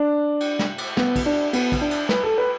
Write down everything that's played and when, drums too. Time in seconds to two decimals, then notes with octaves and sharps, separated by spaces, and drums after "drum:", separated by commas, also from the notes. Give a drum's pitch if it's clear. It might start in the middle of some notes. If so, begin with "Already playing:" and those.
Already playing: D4
0.40 drum: cymbal
0.59 drum: snare
0.78 drum: cymbal
0.97 B3, drum: snare
1.16 drum: kick, cymbal
1.26 D4
1.53 B3, drum: cymbal
1.72 drum: kick, cymbal
1.81 D4
1.91 drum: cymbal
2.09 B4, drum: snare
2.23 A4
2.38 B4